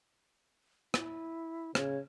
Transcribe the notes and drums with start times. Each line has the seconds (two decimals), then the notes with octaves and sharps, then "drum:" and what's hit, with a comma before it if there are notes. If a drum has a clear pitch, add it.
0.94 E4, drum: rim click
1.75 C#3 C#5, drum: rim click